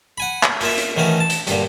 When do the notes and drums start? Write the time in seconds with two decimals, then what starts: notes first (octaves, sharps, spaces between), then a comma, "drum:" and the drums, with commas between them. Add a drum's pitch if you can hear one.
0.18 F#5 G#5 B5
0.43 drum: clap
0.61 A#3 F4 E5, drum: open hi-hat
0.78 drum: hi-hat
0.96 A2 D#3 E3 A3 C#4 F#4
1.20 A5
1.30 drum: hi-hat
1.47 G2 A#2 D3, drum: hi-hat